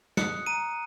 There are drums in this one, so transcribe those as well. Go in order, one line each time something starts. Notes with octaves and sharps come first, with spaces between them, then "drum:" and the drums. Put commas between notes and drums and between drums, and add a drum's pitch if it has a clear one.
D#6 F#6 C#7, drum: snare
A#5 D#7